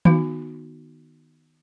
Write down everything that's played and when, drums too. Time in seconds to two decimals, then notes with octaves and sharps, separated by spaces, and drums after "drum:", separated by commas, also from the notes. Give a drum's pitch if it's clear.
0.05 D#3 B3 D#4 F#4 F5, drum: tom D#3